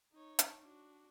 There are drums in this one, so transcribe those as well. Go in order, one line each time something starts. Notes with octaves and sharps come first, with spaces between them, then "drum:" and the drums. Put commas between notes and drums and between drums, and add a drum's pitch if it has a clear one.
D#4 C#5
drum: hi-hat
D4 F#4